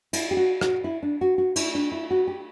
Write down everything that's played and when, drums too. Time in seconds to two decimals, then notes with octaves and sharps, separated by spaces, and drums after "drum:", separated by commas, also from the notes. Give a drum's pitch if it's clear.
0.13 E4, drum: cymbal
0.31 G4
0.37 F#4
0.61 F#4, drum: rim click
0.84 E4
1.03 D4
1.21 F#4
1.38 F#4
1.56 E4, drum: cymbal
1.75 D4
1.92 E4
2.11 F#4
2.27 G4